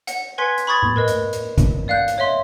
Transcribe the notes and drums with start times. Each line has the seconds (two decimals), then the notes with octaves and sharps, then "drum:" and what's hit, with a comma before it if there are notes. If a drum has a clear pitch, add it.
0.07 F#5, drum: hi-hat
0.38 B4 G#5 C6 G#6 B6 C#7
0.57 drum: hi-hat
0.67 B5 C#6 D#6 G#6 A6
0.83 drum: tom A2
0.96 A#4 B4 D#5
1.08 drum: hi-hat
1.33 drum: hi-hat
1.58 drum: kick, hi-hat
1.88 D5 F5 F#5 F#6 G6
2.08 drum: hi-hat
2.18 C#5 D#5 E5 C6